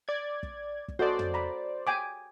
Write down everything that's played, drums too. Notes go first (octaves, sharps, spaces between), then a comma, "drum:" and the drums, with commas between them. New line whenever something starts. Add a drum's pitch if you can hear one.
D5 G#6
drum: kick
drum: kick
F#4 A4 C5 D5 D#5
drum: tom
A#5 B5
G5 G#5 D6